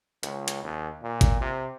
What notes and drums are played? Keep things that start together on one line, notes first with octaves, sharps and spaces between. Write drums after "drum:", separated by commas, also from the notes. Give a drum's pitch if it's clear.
C#2, drum: hi-hat
drum: hi-hat
D#2
A#2
drum: kick G#1, hi-hat
C3